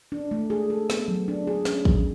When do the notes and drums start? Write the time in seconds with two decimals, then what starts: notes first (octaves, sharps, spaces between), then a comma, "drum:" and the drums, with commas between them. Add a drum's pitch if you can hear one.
0.12 D4
0.31 A3
0.50 G#4
0.70 A4
0.90 B3, drum: snare
1.08 F#3
1.28 D4
1.47 G#4
1.65 C#4, drum: snare
1.85 F#3, drum: kick